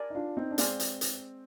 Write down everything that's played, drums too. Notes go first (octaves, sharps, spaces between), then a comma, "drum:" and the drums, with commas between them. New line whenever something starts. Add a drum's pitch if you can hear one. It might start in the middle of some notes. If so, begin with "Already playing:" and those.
Already playing: A#4 D5 G#5
D#4
D4 F4
C4 D#4
D4
G#3 C4 G#4 D5 F5 G#5 C6, drum: hi-hat
drum: hi-hat
drum: hi-hat